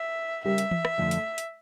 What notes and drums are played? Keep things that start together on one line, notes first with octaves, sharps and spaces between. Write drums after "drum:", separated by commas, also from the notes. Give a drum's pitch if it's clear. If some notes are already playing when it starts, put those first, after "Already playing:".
Already playing: E5
C#3 G3 C#4 G4 A#4 E5
drum: hi-hat
drum: tom E3
drum: rim click
F2 D3 F3 A3
drum: hi-hat
drum: hi-hat